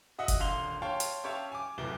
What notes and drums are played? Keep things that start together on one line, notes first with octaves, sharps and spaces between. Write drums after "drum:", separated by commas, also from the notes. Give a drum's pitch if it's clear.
F#4 D#5 E5 F#5
drum: kick F#1, hi-hat
D#1 D3 F5 C6 F7 G7
C#5 F5 G5 A5 C6 C#6
drum: hi-hat
C#4 G4 C#5 E5 F5 A5
G#5 D6
D1 G1 C2 E3 D6 G7